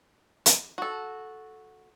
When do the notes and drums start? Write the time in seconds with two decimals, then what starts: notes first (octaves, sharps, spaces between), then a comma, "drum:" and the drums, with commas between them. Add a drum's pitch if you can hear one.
0.46 drum: hi-hat
0.78 F#4 A4